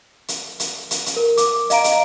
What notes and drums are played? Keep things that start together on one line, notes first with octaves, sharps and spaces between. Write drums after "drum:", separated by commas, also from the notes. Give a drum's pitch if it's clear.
drum: hi-hat
drum: hi-hat
drum: hi-hat
drum: hi-hat
A#4
D6, drum: hi-hat
D#5 F5 A#5 D7, drum: hi-hat
drum: hi-hat